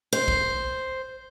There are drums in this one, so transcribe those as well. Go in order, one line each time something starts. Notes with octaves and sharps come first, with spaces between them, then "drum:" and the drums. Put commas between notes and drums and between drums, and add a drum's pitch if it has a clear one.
C5
drum: kick